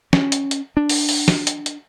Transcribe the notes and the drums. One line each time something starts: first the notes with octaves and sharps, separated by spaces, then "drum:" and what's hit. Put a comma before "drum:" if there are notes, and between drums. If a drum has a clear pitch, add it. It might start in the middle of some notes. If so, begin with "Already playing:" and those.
C#4, drum: snare
drum: hi-hat
drum: hi-hat
D4
drum: open hi-hat
drum: open hi-hat
drum: snare
drum: hi-hat
drum: hi-hat